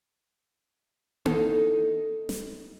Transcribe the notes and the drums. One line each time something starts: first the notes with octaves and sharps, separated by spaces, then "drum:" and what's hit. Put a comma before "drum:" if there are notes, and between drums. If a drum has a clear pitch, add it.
D#4 E4 A4, drum: tom A#3
drum: snare